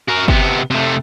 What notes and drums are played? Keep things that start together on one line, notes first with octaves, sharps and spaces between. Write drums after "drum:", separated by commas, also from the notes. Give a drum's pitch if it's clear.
F#4 A#4
C3 B3, drum: kick G1
C3 A3